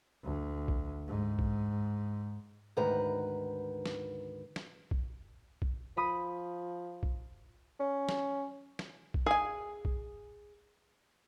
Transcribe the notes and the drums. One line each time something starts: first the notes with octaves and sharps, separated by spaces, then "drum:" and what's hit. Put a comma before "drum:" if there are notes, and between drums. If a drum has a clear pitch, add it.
D2
drum: kick B1
G#2
drum: kick B1
D2 G#2 D#3 B4 A#5
drum: snare
drum: snare
drum: kick B1
drum: kick B1
F3 B5 D#6
drum: kick B1
C#4
drum: snare
drum: snare
drum: kick B1
G#4 G#5
drum: kick B1